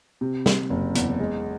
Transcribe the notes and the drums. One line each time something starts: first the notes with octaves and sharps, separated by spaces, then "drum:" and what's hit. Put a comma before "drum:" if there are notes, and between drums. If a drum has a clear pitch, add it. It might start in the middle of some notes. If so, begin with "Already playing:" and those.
C3
C3, drum: snare
F#1
E2, drum: hi-hat
G#3